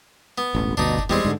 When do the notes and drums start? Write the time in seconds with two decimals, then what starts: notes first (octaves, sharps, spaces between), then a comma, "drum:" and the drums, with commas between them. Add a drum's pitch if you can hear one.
0.38 B3
0.55 E1 A1
0.77 G1 D2 B2 D4 D#4
0.99 drum: kick F#1
1.10 E2 G3 G#3 C4
1.25 G#2 D3